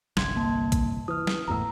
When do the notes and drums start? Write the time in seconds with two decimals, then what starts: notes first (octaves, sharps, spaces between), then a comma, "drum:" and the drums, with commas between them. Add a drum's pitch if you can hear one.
0.17 G1 C2 C6 G#6, drum: snare
0.36 A#3 A5
0.72 drum: kick A#1, hi-hat
1.08 E3 D#6 F6
1.27 drum: snare
1.48 G1 E2 A2 A#5 E6